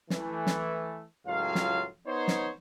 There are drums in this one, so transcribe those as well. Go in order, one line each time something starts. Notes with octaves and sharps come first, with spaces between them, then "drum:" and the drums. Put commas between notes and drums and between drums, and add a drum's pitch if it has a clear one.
E3 A3, drum: snare
drum: snare
C#2 A2 F#3 F4 F5
drum: snare
B3 D#4 C5 C#5
drum: snare